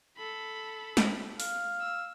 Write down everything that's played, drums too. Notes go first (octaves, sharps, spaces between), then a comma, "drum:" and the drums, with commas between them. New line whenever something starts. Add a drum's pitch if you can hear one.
A4 B5
drum: snare
F5, drum: open hi-hat
E6